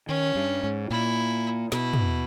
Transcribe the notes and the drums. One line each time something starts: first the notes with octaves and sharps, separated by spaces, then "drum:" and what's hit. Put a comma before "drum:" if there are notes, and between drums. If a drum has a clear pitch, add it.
D#3 C#4
G2
G#2
A#2 E4
B2 E4, drum: snare
drum: tom